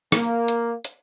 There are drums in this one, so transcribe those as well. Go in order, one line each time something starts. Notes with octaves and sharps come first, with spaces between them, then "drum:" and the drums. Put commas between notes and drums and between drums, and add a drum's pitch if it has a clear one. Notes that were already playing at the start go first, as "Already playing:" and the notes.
A#3, drum: rim click
drum: hi-hat
drum: hi-hat